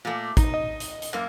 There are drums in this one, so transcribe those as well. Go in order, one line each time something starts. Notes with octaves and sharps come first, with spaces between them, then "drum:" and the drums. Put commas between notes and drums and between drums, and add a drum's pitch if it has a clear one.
A#2 A3
D#4, drum: kick, hi-hat
D#5
drum: hi-hat
drum: hi-hat
F#2 A#3